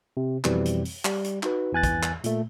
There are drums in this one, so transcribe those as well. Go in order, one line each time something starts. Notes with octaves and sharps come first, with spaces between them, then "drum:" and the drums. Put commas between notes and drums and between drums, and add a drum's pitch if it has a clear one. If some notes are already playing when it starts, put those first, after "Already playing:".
C3
F2 B2 E3 G3 C4, drum: clap
drum: hi-hat
drum: open hi-hat
G3, drum: clap
drum: hi-hat
D#4 F#4 B4, drum: clap
E2 E3 G#5 F#6 A6
drum: kick, hi-hat
drum: clap
A#2 A3, drum: hi-hat